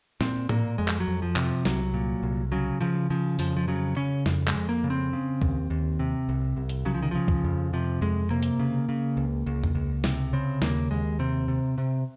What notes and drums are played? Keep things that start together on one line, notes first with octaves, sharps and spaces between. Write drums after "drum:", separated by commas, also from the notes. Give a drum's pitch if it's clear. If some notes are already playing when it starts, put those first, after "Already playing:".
A#2 C4, drum: snare
A#2 A#3, drum: tom A2
F2 G#3
drum: clap
F#3
F2
F3
C3, drum: clap
F3
C2 F#3, drum: snare
A#2
C2
C#3 F#3
C#3 F3
C#3 F3
F2 F3, drum: open hi-hat
F3
C#3 F#3
C#3 C#4
F2, drum: snare
G#3, drum: clap
F2
A#3
C#3
C4
C#3
D#2, drum: kick
D#2
C3
C2
C2
drum: hi-hat
C#3 F#3
F3
D#3
C#3 F3
drum: kick
F2
C3 F3
F2 G#3
C3 A#3
drum: hi-hat
C#3
C#3
C#2
C#2
drum: tom E2
C#2
C3, drum: snare
C#3 C4
D#2 A#3, drum: snare
D#2 G#3
C3 C4
C3
C3